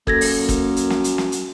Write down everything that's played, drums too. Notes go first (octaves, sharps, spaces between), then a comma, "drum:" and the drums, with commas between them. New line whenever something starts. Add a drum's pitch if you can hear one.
F#2 A#3 A4 G#6 A#6, drum: kick
drum: open hi-hat
drum: kick, hi-hat
drum: hi-hat
drum: snare
drum: hi-hat
drum: snare
drum: hi-hat